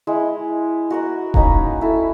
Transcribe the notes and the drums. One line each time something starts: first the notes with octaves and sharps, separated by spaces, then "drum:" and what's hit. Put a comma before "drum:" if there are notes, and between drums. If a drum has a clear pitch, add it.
G#3 E4
F#4 A#4 F#5
A#3 C#4 D#4 B4, drum: kick D#1
E4 A4